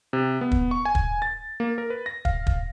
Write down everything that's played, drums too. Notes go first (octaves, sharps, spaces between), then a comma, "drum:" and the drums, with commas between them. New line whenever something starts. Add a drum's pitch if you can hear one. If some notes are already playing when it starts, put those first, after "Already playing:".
C3
B3
drum: kick
C#6
G#5
drum: kick
A6
A#3
A#4
B4
A#6
F5, drum: kick
drum: kick